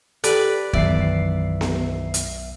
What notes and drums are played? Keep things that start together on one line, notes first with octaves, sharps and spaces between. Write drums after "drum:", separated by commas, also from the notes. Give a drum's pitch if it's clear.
G4 A4 B4 D5, drum: hi-hat
B1 F#2 D#3 E3 B3 D5 E5 C7, drum: kick
drum: snare B3
drum: hi-hat